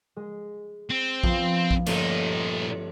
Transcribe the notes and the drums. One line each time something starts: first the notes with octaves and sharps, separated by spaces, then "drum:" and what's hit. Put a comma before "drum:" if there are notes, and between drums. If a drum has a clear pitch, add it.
G#3
C4
F3 B3, drum: kick A#1
drum: kick A#1
G1 A#2 A3 C#4 D#4, drum: cymbal